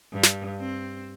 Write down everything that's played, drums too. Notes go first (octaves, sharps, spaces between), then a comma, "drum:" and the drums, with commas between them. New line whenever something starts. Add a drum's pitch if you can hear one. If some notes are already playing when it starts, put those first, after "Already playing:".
G2
drum: snare
C4